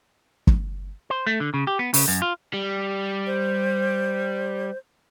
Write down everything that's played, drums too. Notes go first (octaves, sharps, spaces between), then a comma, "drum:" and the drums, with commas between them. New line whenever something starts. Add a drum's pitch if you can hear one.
drum: kick
C5
A3
D3
C#3
G4
B3
C#3, drum: open hi-hat
F#2
F4
G3
C5